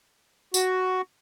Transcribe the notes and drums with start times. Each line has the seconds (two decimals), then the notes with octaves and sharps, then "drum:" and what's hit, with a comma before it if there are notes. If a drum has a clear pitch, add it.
0.54 F#4, drum: tambourine